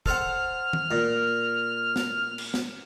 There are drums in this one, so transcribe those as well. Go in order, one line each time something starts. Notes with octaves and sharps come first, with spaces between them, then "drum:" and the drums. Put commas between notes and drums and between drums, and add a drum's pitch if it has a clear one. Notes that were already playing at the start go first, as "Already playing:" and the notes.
A4 C5 F#5 F6, drum: kick
drum: tom D#3
A#2
drum: snare
drum: cymbal
drum: snare